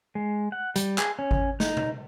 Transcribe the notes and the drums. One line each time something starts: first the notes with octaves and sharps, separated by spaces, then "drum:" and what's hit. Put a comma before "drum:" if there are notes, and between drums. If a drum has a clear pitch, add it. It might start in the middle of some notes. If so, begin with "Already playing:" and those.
G#3
F#5
G3, drum: hi-hat
G#4, drum: clap
C#4
drum: kick G#1
D#4, drum: snare
drum: tom B2